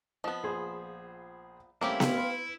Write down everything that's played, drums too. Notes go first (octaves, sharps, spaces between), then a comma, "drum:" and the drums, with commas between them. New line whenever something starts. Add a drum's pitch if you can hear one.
F3 B3 D#5 A5
A#1 G#4 C5
G3 A3 A#3 C4 C#4 E4 G4 F5
drum: snare B3
B4 C6